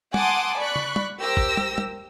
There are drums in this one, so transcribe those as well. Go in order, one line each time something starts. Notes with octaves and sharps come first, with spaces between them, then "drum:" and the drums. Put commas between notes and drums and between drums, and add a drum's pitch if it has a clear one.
F#5 G#5 A5 C6 D6 D#6, drum: tom
D5 B5 C#6 F#6
drum: tom
drum: tom
G4 A#4 C5 E6 A#6
drum: kick
drum: tom
drum: tom